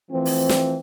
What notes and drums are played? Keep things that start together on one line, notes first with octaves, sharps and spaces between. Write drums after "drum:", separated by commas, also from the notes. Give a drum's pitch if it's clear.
E3 F3 A3 C4
drum: open hi-hat
drum: snare